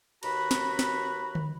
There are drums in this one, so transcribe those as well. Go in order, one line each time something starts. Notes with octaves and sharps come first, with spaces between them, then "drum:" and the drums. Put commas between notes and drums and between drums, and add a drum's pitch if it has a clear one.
D#2 F#4 B4 A#5 B5, drum: cymbal
drum: snare
drum: snare
drum: tom D3